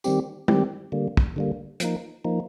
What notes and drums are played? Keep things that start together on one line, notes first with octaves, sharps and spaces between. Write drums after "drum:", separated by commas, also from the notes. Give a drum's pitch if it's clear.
D#3 G3 C4 G4, drum: tambourine
D#3 G3 C4 G4, drum: tom
D3 G3 A#3
drum: kick
D3 G3 A#3
F3 A#3 D#4, drum: hi-hat
F3 A#3 D#4